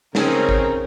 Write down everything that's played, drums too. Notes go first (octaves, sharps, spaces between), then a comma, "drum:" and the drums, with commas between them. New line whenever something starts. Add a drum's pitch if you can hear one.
C#3 C4 C#4 D#4 G#4 A#4 C#5, drum: snare
drum: kick A1